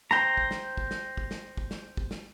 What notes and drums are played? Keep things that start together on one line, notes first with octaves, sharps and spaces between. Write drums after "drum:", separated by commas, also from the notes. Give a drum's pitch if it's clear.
C5 G5 A#5, drum: snare
drum: kick
drum: snare
drum: kick
drum: snare
drum: kick
drum: snare
drum: kick
drum: snare
drum: kick
drum: snare